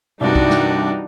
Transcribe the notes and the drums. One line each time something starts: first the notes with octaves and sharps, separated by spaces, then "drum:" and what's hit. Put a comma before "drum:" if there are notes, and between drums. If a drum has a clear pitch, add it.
C2 G2 E3 G3 D4 D#4 F#4
drum: kick
drum: snare